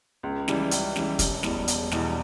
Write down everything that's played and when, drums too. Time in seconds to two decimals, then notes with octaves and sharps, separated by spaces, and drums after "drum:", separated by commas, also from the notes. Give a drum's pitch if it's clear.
0.23 C#2
0.48 C#3 E3 G3, drum: snare
0.71 C#2, drum: hi-hat
0.96 C#3 E3 G3, drum: snare
1.19 E1, drum: kick, hi-hat
1.43 E2 B2 G3, drum: snare
1.68 E1, drum: hi-hat
1.92 E2 B2 G3, drum: snare